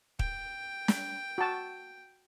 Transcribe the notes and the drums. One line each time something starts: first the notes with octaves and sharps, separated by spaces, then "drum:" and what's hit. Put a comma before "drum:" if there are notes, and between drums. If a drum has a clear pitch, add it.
G5, drum: kick
drum: snare
F#4 A5